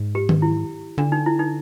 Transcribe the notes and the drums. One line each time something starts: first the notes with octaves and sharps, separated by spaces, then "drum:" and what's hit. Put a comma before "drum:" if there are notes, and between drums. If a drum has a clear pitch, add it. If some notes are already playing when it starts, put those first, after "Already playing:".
Already playing: G#2
G4
drum: tom D#3
E4
D3 D4
D#4
E4
D#4